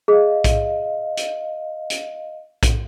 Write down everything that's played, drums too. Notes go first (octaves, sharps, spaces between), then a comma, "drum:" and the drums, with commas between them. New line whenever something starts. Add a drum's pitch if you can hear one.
G#4 D#5 F5
drum: kick A#1, hi-hat
drum: hi-hat
drum: hi-hat
drum: kick A#1, hi-hat